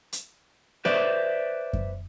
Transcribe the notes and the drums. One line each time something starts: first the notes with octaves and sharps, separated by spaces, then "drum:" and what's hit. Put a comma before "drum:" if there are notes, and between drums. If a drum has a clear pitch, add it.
drum: hi-hat
B4 C5 D5 E5, drum: snare B3
drum: kick F#2